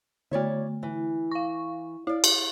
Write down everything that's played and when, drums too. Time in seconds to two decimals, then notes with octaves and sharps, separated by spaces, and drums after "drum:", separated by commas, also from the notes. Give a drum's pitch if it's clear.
0.31 D3 A3 E4 C#5 D5
0.83 E3
1.31 F5 C#6
2.07 E4 D5 F5
2.24 drum: cymbal